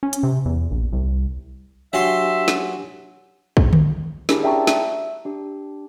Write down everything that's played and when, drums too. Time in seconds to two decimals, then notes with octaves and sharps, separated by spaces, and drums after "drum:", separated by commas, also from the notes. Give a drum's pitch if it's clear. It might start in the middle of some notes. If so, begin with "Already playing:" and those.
0.03 C#4
0.13 drum: hi-hat
0.23 C3
0.45 E2
0.71 A#1
0.93 C2
1.93 F#3 D4 G4 E5 G#5 C6
2.48 drum: snare
3.57 drum: kick
3.73 drum: tom D3
4.29 C#4 D4 E4 G4 G#4 A#4, drum: snare
4.43 D5 E5 G5 A5 A#5 C#6
4.67 E5, drum: snare
5.25 D4 G4